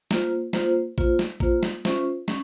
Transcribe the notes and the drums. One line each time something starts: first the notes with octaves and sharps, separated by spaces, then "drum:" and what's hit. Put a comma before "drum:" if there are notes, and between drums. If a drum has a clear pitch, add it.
A#3 F4 C5, drum: snare
A#3 F4 C5, drum: snare
A#3 F4 C5, drum: kick A1
drum: snare
A#3 F4 C5, drum: kick A1
drum: snare
C#4 F4 C5 E5, drum: snare
C#4, drum: snare